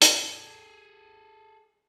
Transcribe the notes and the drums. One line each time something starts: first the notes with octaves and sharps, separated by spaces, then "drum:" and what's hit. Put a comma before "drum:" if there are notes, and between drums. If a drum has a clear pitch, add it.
G#4 A4, drum: hi-hat